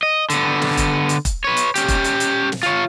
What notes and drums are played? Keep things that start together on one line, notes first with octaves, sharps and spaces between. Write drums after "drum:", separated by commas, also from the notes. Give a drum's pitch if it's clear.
D#5
D3 B3, drum: hi-hat
drum: snare
drum: kick E1, hi-hat
drum: hi-hat
drum: kick E1, hi-hat
B4 C#5
drum: hi-hat
C#4 G4, drum: hi-hat
drum: kick E1, hi-hat
drum: hi-hat
drum: hi-hat
drum: snare
F4 C#5